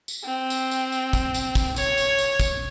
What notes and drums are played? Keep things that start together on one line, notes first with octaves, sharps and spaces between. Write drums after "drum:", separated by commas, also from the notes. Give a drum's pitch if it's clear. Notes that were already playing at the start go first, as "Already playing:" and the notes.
drum: tambourine
C4
drum: tambourine
drum: tambourine
drum: tambourine
drum: kick, tambourine
drum: tambourine
drum: kick, tambourine
C#5, drum: tambourine
drum: tambourine
drum: tambourine
drum: kick, tambourine